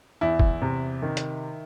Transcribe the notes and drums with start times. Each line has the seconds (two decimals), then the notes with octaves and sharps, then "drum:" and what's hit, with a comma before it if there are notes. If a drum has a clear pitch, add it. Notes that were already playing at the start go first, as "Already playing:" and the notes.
0.21 E2 E4
0.40 drum: kick
0.62 C3
1.02 D#3
1.17 drum: hi-hat